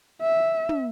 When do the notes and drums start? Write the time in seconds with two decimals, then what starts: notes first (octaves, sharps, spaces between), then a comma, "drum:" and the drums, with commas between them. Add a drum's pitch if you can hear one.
0.22 E5
0.69 drum: tom